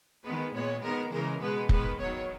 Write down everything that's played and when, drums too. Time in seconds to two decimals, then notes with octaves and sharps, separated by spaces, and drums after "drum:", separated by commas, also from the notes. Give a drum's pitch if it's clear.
0.24 D#3 G#3 B3 B4
0.53 A#2 G#3 B3 C#5
0.81 D#3 G#3 B3 A#4
1.11 C#3 E3 G#3 A#4
1.40 B2 G#3 B3 B4
1.69 D#3 G#3 B3 B4, drum: kick F1
1.98 D#3 F#3 B3 C#5